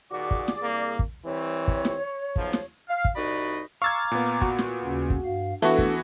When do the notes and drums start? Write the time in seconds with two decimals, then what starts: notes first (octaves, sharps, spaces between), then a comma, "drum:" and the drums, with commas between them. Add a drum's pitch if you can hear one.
0.11 D#2 A#2 F#4 G#4 D5 D6
0.31 drum: kick
0.48 drum: snare
0.61 C2 A#3
0.99 drum: kick
1.25 E3 G3 C4 C#5
1.68 drum: kick
1.85 drum: snare
2.36 B1 F3, drum: kick
2.53 drum: snare
2.89 F5
3.05 drum: kick
3.16 C2 D#4 F#4 D5 D#5 B5
3.82 F5 A#5 C#6 D6 E6 G#6 A6
4.11 A#2 B3
4.42 F#4, drum: kick
4.59 drum: snare
4.83 D#2 C#3 C#4
5.10 drum: kick
5.24 G2 F5
5.62 E3 A3 B3 D4 F#4 A4
5.78 drum: kick